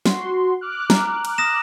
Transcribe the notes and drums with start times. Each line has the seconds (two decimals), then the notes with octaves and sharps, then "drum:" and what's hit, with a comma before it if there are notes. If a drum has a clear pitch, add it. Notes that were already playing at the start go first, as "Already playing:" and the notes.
0.06 F#4 C6, drum: snare
0.61 D6 F6 F#6
0.90 A#5, drum: snare
1.25 drum: cymbal
1.38 D#6 A#6 E7